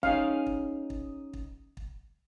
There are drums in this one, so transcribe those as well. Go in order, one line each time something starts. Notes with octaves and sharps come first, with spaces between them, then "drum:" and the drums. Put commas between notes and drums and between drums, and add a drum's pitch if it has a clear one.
C#4 D#4 G#4 F5, drum: kick
drum: kick
drum: kick
drum: kick
drum: kick